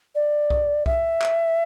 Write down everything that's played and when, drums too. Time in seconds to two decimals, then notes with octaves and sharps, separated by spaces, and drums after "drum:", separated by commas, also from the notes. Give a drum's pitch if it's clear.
0.15 D5
0.50 drum: kick B1
0.86 E5, drum: kick B1
1.22 drum: clap